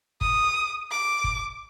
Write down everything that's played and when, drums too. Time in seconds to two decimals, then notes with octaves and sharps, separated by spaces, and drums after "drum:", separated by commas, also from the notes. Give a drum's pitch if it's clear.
0.21 D#6, drum: kick
0.91 D6
1.24 drum: kick